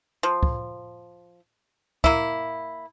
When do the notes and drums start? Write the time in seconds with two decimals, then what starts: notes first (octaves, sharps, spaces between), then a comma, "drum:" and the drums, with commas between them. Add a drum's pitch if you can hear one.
0.23 F3
0.43 drum: kick
2.04 A#3 E4, drum: kick